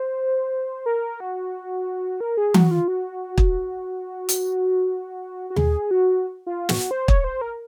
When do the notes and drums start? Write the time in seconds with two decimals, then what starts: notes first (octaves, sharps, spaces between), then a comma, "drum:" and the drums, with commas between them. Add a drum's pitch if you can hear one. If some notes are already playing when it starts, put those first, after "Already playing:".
Already playing: C5
0.86 A#4
1.20 F#4
2.20 A#4
2.37 G#4
2.54 F#4, drum: tom E3
2.71 F4
2.88 F#4
3.38 drum: kick
4.29 drum: hi-hat
5.50 F#4
5.56 G#4, drum: tom D#2
5.91 F#4
6.47 F4
6.69 F#4, drum: snare
6.91 C5
7.08 C#5, drum: kick
7.24 C5
7.41 A#4